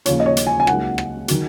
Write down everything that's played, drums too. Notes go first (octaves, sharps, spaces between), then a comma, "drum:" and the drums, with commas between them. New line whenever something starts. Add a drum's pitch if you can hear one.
D#2 C#3 F3 C#5, drum: hi-hat
D#5
C#5
drum: hi-hat
G#5
G#5
C#2 C#3 F#3 A#3 D#4 F#5, drum: rim click
drum: rim click
D#3 F#3, drum: hi-hat